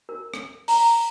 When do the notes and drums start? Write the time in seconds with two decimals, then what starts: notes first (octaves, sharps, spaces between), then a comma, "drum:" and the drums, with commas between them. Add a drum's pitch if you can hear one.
0.09 A#4
0.34 drum: rim click
0.68 A#5, drum: open hi-hat